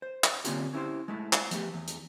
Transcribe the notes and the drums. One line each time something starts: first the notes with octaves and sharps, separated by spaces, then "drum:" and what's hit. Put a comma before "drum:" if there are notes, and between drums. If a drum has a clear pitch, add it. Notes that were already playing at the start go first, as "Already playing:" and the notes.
C5
drum: clap
D3 A#3 C4 C#4 F4 G4, drum: hi-hat
C#4 E4 G4 C5
G#3 A3 E4
drum: clap
F3 A3 B3 G4, drum: hi-hat
E2
drum: hi-hat